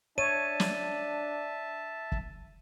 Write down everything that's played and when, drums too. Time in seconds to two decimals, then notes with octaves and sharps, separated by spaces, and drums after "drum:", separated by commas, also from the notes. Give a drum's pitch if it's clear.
0.18 D4 C#5 E5 A5 D#7
0.60 drum: snare
2.12 drum: kick